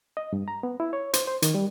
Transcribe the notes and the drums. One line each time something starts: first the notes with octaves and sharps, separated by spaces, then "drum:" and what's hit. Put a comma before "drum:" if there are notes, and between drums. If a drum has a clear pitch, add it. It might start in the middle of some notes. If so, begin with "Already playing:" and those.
D#5
G2
A#5
B3
E4
C#5
C5, drum: hi-hat
C5
D#3, drum: hi-hat
G3